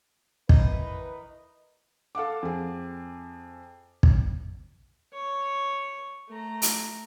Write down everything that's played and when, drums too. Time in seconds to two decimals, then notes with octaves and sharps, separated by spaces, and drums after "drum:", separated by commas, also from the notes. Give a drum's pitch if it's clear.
0.49 D#3 E3 D#4 B4, drum: kick
2.15 A4 F5 F#5 D6
2.43 F2 G#4
4.03 drum: kick
5.14 C#5
6.29 A3 A#5
6.62 drum: hi-hat